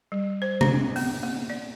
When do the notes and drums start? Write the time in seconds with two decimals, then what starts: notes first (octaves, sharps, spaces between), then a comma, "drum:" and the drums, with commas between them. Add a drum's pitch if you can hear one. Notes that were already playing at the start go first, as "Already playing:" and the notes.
0.12 G3
0.42 C5
0.61 D4, drum: tom
0.96 B3, drum: open hi-hat
1.23 A#3
1.50 D5